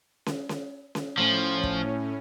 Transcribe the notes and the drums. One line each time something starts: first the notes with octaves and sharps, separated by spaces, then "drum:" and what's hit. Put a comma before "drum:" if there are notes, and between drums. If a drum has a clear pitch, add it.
drum: snare
drum: snare
drum: snare
A2 F3 C#4
drum: kick